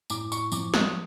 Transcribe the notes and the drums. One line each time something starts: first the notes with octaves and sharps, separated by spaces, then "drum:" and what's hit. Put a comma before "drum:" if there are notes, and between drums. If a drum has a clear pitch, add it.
A2 D6, drum: tambourine
C#6, drum: tambourine
F3 D6, drum: tambourine
D#6, drum: snare